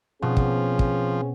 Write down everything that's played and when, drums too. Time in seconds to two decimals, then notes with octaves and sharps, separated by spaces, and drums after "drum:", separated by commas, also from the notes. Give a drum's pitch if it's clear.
0.22 B2 F3 C4 C#4 G#4
0.37 drum: kick
0.79 drum: kick